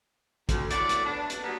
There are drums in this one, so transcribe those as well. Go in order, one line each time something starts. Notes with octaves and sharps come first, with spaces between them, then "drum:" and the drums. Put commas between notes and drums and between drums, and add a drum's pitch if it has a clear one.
D2, drum: kick, hi-hat
A2 F#4 D5, drum: hi-hat
drum: hi-hat
B3 D4
drum: hi-hat
F#3 G3 A#3 B3